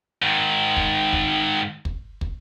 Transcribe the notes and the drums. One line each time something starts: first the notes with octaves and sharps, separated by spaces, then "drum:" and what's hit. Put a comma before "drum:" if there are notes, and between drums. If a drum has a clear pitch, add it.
G#2 D#3
drum: kick
drum: kick
drum: kick
drum: kick